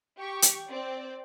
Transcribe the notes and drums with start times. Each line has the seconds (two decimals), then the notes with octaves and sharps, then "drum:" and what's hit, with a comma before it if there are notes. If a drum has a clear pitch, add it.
0.19 G4 C#6
0.42 drum: hi-hat
0.70 C4 D5